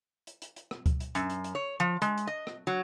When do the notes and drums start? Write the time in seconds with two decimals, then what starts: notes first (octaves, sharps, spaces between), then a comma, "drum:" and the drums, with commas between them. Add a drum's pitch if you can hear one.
0.27 drum: hi-hat
0.42 drum: hi-hat
0.56 drum: hi-hat
0.71 drum: rim click
0.86 drum: kick C#2, hi-hat
1.00 drum: hi-hat
1.15 F#2, drum: hi-hat
1.30 drum: hi-hat
1.44 drum: hi-hat
1.55 C#5
1.80 F3
2.02 G#3, drum: hi-hat
2.18 drum: hi-hat
2.27 D#5
2.47 drum: rim click
2.67 F#3